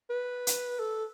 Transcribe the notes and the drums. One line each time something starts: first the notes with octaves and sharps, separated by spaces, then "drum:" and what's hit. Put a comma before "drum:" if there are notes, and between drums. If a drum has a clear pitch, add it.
B4
drum: hi-hat
A4